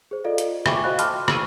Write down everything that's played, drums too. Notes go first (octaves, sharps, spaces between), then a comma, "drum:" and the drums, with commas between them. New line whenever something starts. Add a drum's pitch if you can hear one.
G#4 C5
F4 A4 D5 D#5 F5
drum: hi-hat
E5 G5 G#5 B5 C#6 D6, drum: rim click
F#4 C5 D#5 F5 F#6
G5 A5 B5 C6 D6 F6, drum: hi-hat
C#6 E6 D#7, drum: rim click